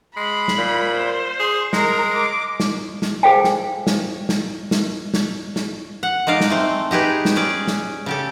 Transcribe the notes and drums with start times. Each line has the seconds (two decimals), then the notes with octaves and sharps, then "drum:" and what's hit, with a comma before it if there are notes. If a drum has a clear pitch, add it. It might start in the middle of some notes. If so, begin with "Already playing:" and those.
0.16 G#3 B5
0.48 drum: snare
0.57 A#2
0.94 C5
1.40 G#4
1.73 G#3 A#4, drum: snare
2.14 D6
2.60 drum: snare
3.02 drum: snare
3.23 G#4 A4 C5 F5 G5 G#5
3.44 drum: snare
3.87 drum: snare
4.29 drum: snare
4.71 drum: snare
5.14 drum: snare
5.56 drum: snare
6.03 F#5
6.27 G#3 D#4 D5 F5
6.41 drum: snare
6.50 A3 C4
6.91 D#4 G4 G#4 B4
7.25 drum: snare
7.36 C#4 G#4 D5
7.67 drum: snare
8.06 C#3 G4 A4